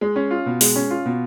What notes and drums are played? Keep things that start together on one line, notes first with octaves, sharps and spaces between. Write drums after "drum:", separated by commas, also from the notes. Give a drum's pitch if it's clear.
G#3
C#4
F4
B2
G#3, drum: open hi-hat
C#4
F4
B2